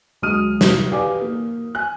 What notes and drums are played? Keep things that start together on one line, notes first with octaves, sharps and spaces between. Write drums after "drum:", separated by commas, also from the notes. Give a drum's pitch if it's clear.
D2 F#3 G#3 D#6 F6 D#7
C2 F#3, drum: snare
G4 B4 D5 F5 G#5 D6
A#3
G#5 F#6